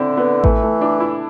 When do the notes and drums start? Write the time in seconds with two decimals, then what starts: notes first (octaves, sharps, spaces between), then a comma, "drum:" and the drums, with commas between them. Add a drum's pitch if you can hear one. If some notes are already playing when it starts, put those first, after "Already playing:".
Already playing: D3 C4 E4
0.17 B3
0.44 E3 A3, drum: kick A1
0.62 A3
0.81 D4
1.00 E4